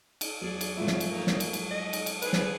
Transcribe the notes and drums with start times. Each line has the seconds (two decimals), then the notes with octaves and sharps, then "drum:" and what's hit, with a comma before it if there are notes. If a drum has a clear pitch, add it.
0.21 drum: cymbal
0.41 E2 F#3 G#4 D5
0.61 drum: cymbal
0.77 G#2 F3 F#3 A3 C4 E4
0.87 drum: snare
1.00 drum: cymbal
1.10 A3 A#3 D#4
1.27 drum: snare
1.40 F#3, drum: cymbal
1.53 drum: cymbal
1.71 D#5
1.93 drum: cymbal
2.06 drum: cymbal
2.22 G#4 B4 C5, drum: cymbal
2.33 drum: snare